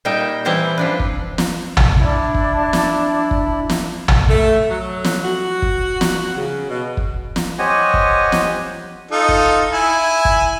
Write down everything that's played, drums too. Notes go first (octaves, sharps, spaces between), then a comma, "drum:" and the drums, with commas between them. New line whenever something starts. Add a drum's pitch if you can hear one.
A#2 G3 D#4 E5 G5
E3 G3 C4 E4 C5
F3 D4 B4
drum: kick
drum: snare
drum: tom
D4 E4
drum: kick
drum: snare
drum: kick
drum: snare
drum: tom
A3
F#3
drum: snare
F#4
drum: kick
drum: snare
C#3
B2
drum: kick
drum: snare
G4 C5 C#5 D#5 F#5 G#5
drum: kick
drum: snare
D#4 F4 A4
drum: kick
E4 G#5
drum: kick